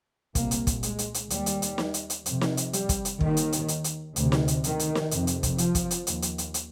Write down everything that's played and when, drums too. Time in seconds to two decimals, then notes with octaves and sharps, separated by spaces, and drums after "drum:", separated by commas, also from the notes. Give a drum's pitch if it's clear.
0.35 C2 A#2 A#3, drum: kick, hi-hat
0.51 drum: hi-hat
0.67 drum: kick, hi-hat
0.83 G#3, drum: hi-hat
0.99 drum: hi-hat
1.14 drum: hi-hat
1.30 D#2 G3, drum: hi-hat
1.46 drum: hi-hat
1.62 drum: hi-hat
1.78 drum: snare
1.94 drum: hi-hat
2.10 drum: hi-hat
2.26 F2 C3, drum: hi-hat
2.41 drum: snare
2.57 drum: hi-hat
2.73 G3, drum: hi-hat
2.89 drum: kick, hi-hat
3.05 drum: hi-hat
3.21 D#2 D#3, drum: kick
3.37 drum: hi-hat
3.53 drum: hi-hat
3.68 drum: hi-hat
3.84 drum: hi-hat
4.16 D2 C3, drum: hi-hat
4.32 drum: snare
4.48 drum: hi-hat
4.64 D#3, drum: hi-hat
4.79 drum: hi-hat
4.95 drum: snare
5.11 F2 C3, drum: hi-hat
5.27 drum: hi-hat
5.43 drum: kick, hi-hat
5.58 F3, drum: hi-hat
5.75 drum: kick, hi-hat
5.91 drum: hi-hat
6.07 D#2, drum: hi-hat
6.22 drum: hi-hat
6.38 drum: hi-hat
6.54 drum: hi-hat